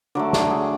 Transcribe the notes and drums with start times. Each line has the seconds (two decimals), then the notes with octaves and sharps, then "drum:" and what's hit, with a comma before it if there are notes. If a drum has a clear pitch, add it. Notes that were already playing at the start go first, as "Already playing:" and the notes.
0.15 D3 F#3 A3 D5
0.33 D5, drum: snare
0.50 G#4